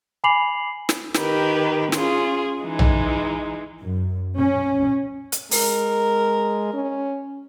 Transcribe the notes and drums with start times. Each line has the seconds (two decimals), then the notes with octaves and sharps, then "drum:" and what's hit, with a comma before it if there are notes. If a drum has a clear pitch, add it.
0.24 G#5 B5 D6 C7 F7 F#7
0.89 drum: snare
1.14 D#3 G4 A#4 B4, drum: snare
1.92 C#4 F4 G#4, drum: snare
2.62 E3 G#3 D#4
2.79 drum: tom A#1
3.82 F#2
4.34 C#4
5.32 drum: hi-hat
5.51 G#3 A#4, drum: open hi-hat
6.74 C#4